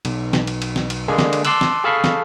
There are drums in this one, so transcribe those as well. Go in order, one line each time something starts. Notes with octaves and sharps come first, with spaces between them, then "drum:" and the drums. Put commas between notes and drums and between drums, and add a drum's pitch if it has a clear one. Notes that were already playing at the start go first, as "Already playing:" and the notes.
B1, drum: cymbal
drum: snare
drum: cymbal
drum: cymbal
drum: snare
drum: cymbal
D3 G#3 A#3 D4 G#4
drum: snare
drum: cymbal
A5 C6 D6 E6 F#6, drum: cymbal
drum: snare
G#4 A4 F5 A5 B5 C#6
drum: snare